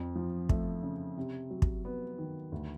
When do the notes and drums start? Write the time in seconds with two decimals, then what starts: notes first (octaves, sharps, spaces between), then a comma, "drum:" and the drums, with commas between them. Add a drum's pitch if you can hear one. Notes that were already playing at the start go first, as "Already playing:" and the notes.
Already playing: F2
0.15 F3
0.49 A3, drum: kick
0.83 C#3
1.17 C3
1.51 F#3
1.62 drum: kick
1.85 B3
2.18 D#3
2.52 D2